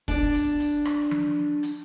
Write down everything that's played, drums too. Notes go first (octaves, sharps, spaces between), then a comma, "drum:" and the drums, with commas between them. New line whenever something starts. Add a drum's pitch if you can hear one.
D4 D5, drum: kick, hi-hat
drum: hi-hat
drum: hi-hat
drum: rim click
drum: tom F3
drum: hi-hat